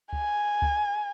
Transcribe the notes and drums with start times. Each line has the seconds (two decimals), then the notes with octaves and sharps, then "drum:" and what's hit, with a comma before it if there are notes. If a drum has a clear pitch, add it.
0.13 G#5, drum: kick C#2
0.62 drum: kick C#2